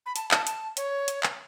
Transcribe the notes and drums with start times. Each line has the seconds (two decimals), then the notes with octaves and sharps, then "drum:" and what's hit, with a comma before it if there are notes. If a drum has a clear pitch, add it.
0.06 B5
0.16 A5, drum: hi-hat
0.31 A5, drum: clap
0.47 A5, drum: hi-hat
0.77 C#5, drum: hi-hat
1.08 drum: hi-hat
1.23 drum: clap